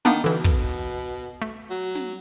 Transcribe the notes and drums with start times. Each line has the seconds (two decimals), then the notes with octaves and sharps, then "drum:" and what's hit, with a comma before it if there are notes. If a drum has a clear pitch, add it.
0.05 D#3 A#3 B3 D4
0.24 B2 D3 E3
0.44 drum: kick
1.42 A3
1.70 F#3
1.95 drum: snare